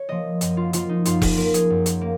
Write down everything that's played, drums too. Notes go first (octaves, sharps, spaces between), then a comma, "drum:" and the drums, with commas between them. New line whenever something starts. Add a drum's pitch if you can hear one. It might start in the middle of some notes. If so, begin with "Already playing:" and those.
Already playing: C#5
F3 A#3 D#5
F#2 D#5, drum: hi-hat
F4
F3 A#3 F4, drum: hi-hat
D#4
F#2 F4, drum: hi-hat
drum: kick E1, open hi-hat
F3 A#3 A#4
G#4, drum: hi-hat
F#2
drum: hi-hat
A#3